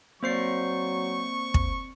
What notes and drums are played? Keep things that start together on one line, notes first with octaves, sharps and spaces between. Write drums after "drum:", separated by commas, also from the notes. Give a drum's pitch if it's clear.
F#3 A#3 C4 C5 D5 C#6 C7
drum: kick